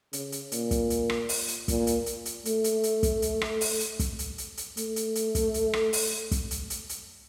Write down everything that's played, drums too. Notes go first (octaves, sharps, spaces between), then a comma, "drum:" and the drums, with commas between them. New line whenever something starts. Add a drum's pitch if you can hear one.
C#3, drum: hi-hat
drum: hi-hat
A#2, drum: hi-hat
drum: kick, hi-hat
drum: hi-hat
drum: rim click
drum: open hi-hat
drum: hi-hat
A#2, drum: kick, hi-hat
drum: hi-hat
drum: hi-hat
drum: hi-hat
A3, drum: hi-hat
drum: hi-hat
drum: hi-hat
drum: kick, hi-hat
drum: hi-hat
drum: rim click
drum: open hi-hat
drum: hi-hat
drum: kick, hi-hat
drum: hi-hat
drum: hi-hat
drum: hi-hat
A3, drum: hi-hat
drum: hi-hat
drum: hi-hat
drum: kick, hi-hat
drum: hi-hat
drum: rim click
drum: open hi-hat
drum: kick, hi-hat
drum: hi-hat
drum: hi-hat
drum: hi-hat